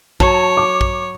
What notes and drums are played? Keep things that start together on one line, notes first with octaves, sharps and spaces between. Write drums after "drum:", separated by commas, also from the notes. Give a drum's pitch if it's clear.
F#3 C#5 A5, drum: kick
D6
drum: kick